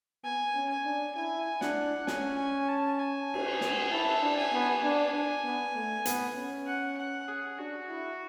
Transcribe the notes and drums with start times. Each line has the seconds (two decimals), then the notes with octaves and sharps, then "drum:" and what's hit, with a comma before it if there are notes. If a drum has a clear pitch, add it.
0.24 B3 G#5
0.55 C#4
0.70 G#5
0.85 D4
1.16 E4 G#5
1.61 D4 F#5, drum: snare
2.07 C#4 G#5, drum: snare
2.38 G#5
2.68 A5
2.99 G#5
3.34 drum: cymbal
3.61 drum: snare
3.91 E4 A5
4.22 D4
4.37 G#5
4.52 B3
4.83 D4 G#5
5.14 D4
5.44 B3
5.75 A3
6.05 B3, drum: hi-hat
6.36 C#4
6.66 F#5
6.97 F#5
7.28 G#4
7.58 D4 F#4
7.89 E4